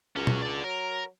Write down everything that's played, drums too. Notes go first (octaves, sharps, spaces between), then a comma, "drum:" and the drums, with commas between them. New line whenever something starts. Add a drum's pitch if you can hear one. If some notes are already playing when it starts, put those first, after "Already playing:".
C#2 F#3 C#4
drum: tom B2
D3 D5
F#3 A#4